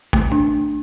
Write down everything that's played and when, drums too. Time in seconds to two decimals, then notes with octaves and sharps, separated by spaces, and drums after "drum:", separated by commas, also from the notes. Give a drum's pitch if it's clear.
0.13 A3, drum: kick
0.32 D4